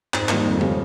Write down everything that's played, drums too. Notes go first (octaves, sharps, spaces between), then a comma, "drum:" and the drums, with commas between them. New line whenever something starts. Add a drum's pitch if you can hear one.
G#2, drum: clap
D#3 G3 A#3, drum: clap
F2
C#3 G#3 C4 G4, drum: tom G#3